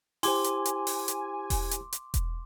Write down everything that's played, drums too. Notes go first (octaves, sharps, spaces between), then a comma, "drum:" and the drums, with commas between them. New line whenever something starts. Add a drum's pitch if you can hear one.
E4 G4 C5 G#5 C6 D6, drum: open hi-hat
drum: hi-hat
drum: hi-hat
drum: open hi-hat
drum: hi-hat
drum: kick E1, open hi-hat
drum: hi-hat
drum: hi-hat
drum: kick E1, hi-hat